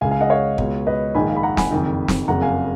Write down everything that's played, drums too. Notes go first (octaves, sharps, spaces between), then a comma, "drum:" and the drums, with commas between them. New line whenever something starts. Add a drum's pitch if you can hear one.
C#2 C#3 F5 G#5
F5 G#5
D#5 F#5
C#5 F5
C#2 B2, drum: kick
B4 D#5
A#1 G#2 D#3 G#5 B5
F5 G#5
B5
F#5 A#5
G#5 B5, drum: snare
F#1 F2 D#3
drum: snare
F#1 F2 C#3 F#5 A#5
F5 G#5